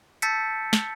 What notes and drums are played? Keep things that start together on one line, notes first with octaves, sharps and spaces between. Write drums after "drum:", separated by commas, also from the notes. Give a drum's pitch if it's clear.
A5 E6 G6 A6 B6 C#7, drum: hi-hat
drum: snare